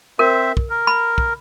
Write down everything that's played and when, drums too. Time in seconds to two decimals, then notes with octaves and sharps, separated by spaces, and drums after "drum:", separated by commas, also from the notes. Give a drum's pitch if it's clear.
0.19 C4 A#4 C5 E5
0.57 drum: kick
0.70 A#4
0.87 B5
1.18 drum: kick